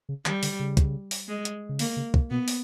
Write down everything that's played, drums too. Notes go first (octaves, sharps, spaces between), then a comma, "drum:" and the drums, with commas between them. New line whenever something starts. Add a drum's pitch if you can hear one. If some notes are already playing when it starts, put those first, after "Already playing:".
C#3
D#3 G3, drum: clap
D3, drum: open hi-hat
C#3
drum: kick, hi-hat
drum: open hi-hat
G#3
drum: hi-hat
C#3
D3 A#3, drum: open hi-hat
C#3
C3, drum: kick
B2 B3
drum: open hi-hat